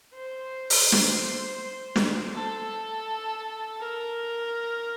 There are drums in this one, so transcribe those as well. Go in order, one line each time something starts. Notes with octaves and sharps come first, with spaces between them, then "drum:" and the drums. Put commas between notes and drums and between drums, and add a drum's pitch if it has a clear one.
C5
drum: open hi-hat
drum: snare
drum: snare
A4
A#4